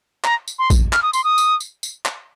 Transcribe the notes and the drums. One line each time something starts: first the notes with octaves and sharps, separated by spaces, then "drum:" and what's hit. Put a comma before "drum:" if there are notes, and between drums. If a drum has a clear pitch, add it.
A#5, drum: clap
drum: tambourine
C6
drum: kick, tambourine
F6, drum: clap
D#6
C6, drum: tambourine
D#6
drum: tambourine
drum: tambourine
drum: tambourine
drum: clap